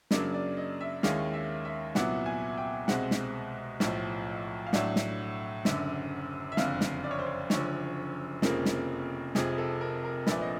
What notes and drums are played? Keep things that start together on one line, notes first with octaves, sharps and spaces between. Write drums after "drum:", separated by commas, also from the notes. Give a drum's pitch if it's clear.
F#2 C#3 F#3 A#3 D4 D5, drum: snare
D5
D#5
E5
D#2 D#3 G#3 C#4 E4 F5, drum: snare
E5
E5
C2 A#2 F#3 B3 E4 F#5, drum: snare
G#5
G5
C2 B2 G#3 C4 F#5, drum: snare
drum: snare
B1 A2 F3, drum: snare
F5
A2 F#3 A3 D4 F#5, drum: snare
drum: snare
F#1 F#2 D3, drum: snare
E5
F#1 F2 D3 F5, drum: snare
drum: snare
D5
C#5
C5
C#5
F#1 F#2 D3 F3 C#5, drum: snare
F1 F2 C#3 F3 A#3, drum: snare
drum: snare
F1 F2 C3 F3 G#4, drum: snare
A4
A#4
A#4
A#1 A#2 F3 A3 D4 B4, drum: snare
D#5